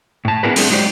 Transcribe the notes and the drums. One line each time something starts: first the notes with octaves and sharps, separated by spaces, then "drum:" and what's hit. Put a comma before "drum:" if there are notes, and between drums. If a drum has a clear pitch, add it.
A2 A5
B3 D4 E4 G#4 A#4 B4
G3 A3 C4 D4 G#4, drum: open hi-hat
F#3 G#3 D#4 G4 C5 D5